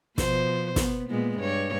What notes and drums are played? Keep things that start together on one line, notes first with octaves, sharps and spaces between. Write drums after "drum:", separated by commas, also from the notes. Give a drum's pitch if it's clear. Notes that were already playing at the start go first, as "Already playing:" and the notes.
B2 F3 C5, drum: snare
B3, drum: snare
A#2 G#3 B3
G2 C#5